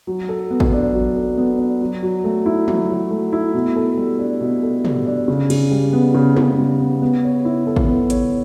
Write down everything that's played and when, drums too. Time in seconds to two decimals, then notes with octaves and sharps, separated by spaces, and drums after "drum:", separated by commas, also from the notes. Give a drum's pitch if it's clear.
0.07 F#3
0.29 A4
0.51 B3
0.60 drum: kick A1
0.72 D4
0.94 F#3
1.16 A4
1.37 B3
1.59 D4
1.81 F#3
2.03 F#3
2.24 A3
2.46 E4
2.68 F#3, drum: tom
2.89 F#3
3.11 A3
3.33 E4
3.54 B2
3.76 A4
3.97 G3
4.19 D4
4.41 B2
4.63 A4
4.85 G3, drum: tom
5.06 D4
5.28 C#3
5.50 C#3, drum: cymbal
5.71 G3
5.93 B3
6.14 C#3
6.37 C#3, drum: tom
6.58 G3
6.80 B3
7.02 B3
7.24 C#5
7.45 E4
7.67 A4
7.76 drum: kick A1
7.89 B3
8.10 C#5, drum: hi-hat